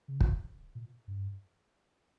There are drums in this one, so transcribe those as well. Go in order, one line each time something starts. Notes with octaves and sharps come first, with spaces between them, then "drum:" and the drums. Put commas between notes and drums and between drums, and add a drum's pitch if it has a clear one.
C#3
drum: kick
A#2
G2